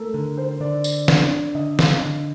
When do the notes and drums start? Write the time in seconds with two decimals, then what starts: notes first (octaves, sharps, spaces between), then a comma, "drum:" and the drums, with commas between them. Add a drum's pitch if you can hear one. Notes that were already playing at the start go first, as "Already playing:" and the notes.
Already playing: A3 A4 A#4
0.14 D3 A#4
0.37 C5
0.60 D3 D5
0.84 drum: tambourine
1.08 D4, drum: snare
1.55 D3 D#5
1.79 F5, drum: snare
2.01 D3